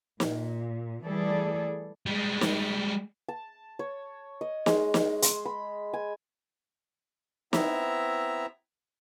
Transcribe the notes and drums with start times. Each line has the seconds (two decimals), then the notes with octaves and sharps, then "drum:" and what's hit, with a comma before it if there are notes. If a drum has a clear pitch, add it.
0.20 A#2, drum: snare
1.05 E3 G3 A3 G#4 A4 D5
2.06 G3 G#3
2.41 drum: snare
3.29 A5
3.79 C#5
4.41 D#5
4.66 G#3, drum: snare
4.94 drum: snare
5.22 C6, drum: hi-hat
5.45 B5
5.93 G#5
7.53 B3 C4 E4 E5 A#5, drum: snare